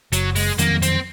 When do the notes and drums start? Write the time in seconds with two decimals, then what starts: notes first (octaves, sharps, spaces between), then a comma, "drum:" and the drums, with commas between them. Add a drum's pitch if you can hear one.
0.12 F#1 F#3, drum: hi-hat
0.36 G#3, drum: open hi-hat
0.59 F2 D#3 F#3 A#3, drum: hi-hat
0.82 C4, drum: hi-hat